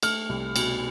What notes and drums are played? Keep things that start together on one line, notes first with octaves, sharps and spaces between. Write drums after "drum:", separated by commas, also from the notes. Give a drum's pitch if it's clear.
A3 F6, drum: cymbal
C2
B2, drum: cymbal